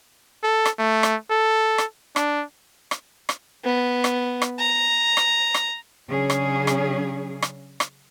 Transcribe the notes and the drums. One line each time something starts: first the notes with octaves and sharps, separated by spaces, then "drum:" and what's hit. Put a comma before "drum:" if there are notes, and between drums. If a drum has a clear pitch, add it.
A4
drum: rim click
A3
drum: rim click
A4
drum: rim click
D4, drum: rim click
drum: rim click
drum: rim click
B3
drum: rim click
drum: rim click
A#5
drum: rim click
drum: rim click
C#3 F#3 C#4 D4 G#4
drum: rim click
drum: rim click
drum: rim click
drum: rim click